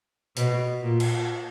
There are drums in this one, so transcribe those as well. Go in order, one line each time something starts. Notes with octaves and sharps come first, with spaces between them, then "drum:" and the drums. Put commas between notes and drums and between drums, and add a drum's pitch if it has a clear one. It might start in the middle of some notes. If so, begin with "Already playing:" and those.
B2, drum: hi-hat
A#2
drum: cymbal